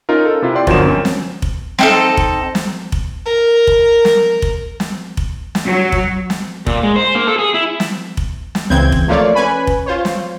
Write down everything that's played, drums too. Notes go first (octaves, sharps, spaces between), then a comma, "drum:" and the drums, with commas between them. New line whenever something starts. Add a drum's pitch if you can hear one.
C#4 D#4 F4 A#4
A4
C3 E4 F4
D5 G5 C6
G1 F3 F#3 A#4 E7, drum: kick F1
C4 C#4
drum: snare
drum: kick F1
C4 D#4 A4, drum: snare
drum: kick F1
drum: snare
drum: kick F1
A#4
drum: kick F1
drum: snare
drum: kick F1
drum: snare
drum: kick F1
drum: snare
F#3
drum: kick F1
drum: snare
A#2, drum: kick F1
G#3
C5
A#3
A4
G#4
E4
drum: snare
drum: kick F1
drum: snare
C#2 C#3 E3 C4 G6 G#6
drum: kick F1
F3 A3 A#3 F4 C#5 D5
C#4 B4 G#5 B5
drum: kick F1
F4 C5 C#5
drum: snare